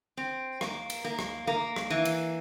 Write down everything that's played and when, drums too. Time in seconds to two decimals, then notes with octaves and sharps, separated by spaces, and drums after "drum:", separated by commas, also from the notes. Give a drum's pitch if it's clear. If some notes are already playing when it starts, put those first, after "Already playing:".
0.17 C4
0.61 A#3, drum: rim click
0.90 drum: cymbal
1.05 A#3
1.19 drum: rim click
1.47 A#3
1.76 drum: rim click
1.90 E3
2.05 drum: cymbal